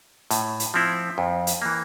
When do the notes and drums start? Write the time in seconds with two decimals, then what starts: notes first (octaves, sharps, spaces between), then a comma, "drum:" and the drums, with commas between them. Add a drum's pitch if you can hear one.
0.31 A2, drum: hi-hat
0.60 drum: hi-hat
0.74 F3 C4 E4
1.18 F2
1.47 drum: hi-hat
1.62 E3 A#3